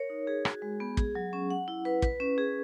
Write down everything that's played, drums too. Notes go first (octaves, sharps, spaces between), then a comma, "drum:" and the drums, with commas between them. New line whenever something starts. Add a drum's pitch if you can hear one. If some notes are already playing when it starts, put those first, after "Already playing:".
Already playing: A#4 C#5
D#4
G#4
F#4, drum: rim click
G#3
B3
G#4, drum: kick
F#3
C#4
F#5
E4
B4
B4, drum: kick
C#4
G#4